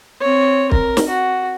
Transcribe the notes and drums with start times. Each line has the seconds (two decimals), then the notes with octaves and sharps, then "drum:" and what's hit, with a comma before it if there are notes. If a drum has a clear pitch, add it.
0.21 C4 C#5
0.72 A#4, drum: kick
0.97 drum: snare
1.09 F#4